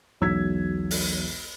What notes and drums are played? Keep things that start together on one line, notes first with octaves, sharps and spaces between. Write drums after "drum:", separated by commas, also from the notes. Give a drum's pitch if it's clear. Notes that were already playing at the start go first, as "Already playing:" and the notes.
E1 B1 E6 G#6 B6
drum: open hi-hat